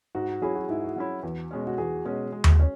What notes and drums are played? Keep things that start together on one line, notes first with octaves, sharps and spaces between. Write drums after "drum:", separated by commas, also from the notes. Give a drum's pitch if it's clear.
G#2 F#4
F#3 C#4 E4 G#4
F#4
G#2 E4
F#4
F#3 C#4 E4
E2
B2 G#3 C#4
F#4
E2 G#4
B2 G#3 C#4
G#3
drum: tom D#2
C#4